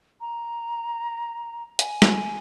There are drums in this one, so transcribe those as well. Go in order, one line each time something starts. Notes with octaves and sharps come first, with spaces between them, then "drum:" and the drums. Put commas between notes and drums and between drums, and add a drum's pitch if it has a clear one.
A#5
G#5, drum: hi-hat
drum: snare